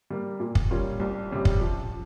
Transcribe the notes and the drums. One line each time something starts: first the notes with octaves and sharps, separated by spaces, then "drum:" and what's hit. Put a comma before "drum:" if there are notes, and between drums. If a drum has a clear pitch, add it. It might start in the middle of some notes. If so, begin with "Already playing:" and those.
G3 A#3
A#2
drum: kick
G3 C#4 F4 A#4
C2
C3 G3 C#4
drum: kick
F3